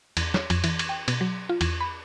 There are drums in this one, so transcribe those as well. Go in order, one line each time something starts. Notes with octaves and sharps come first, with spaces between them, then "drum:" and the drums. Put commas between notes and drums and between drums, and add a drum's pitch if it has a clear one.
E2, drum: cymbal
C#5, drum: snare
F2, drum: cymbal
E3, drum: cymbal
drum: cymbal
G5
B2, drum: cymbal
F#3
F4
E2, drum: cymbal
B5